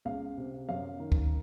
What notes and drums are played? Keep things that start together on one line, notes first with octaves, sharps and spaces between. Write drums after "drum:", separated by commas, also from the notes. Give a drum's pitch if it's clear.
C#2 F5
C3
F#2 F5
D#3
drum: kick